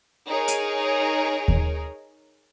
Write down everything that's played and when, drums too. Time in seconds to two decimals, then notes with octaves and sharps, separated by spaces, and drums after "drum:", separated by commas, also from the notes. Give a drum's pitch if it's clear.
0.28 D#4 G#4 A#4 C#5
0.48 drum: hi-hat
1.48 drum: kick D#2